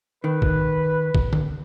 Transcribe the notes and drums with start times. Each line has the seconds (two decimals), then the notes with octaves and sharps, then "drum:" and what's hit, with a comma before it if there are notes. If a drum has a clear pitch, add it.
0.24 D#3 B4
0.42 drum: kick
1.15 drum: kick
1.33 drum: tom D3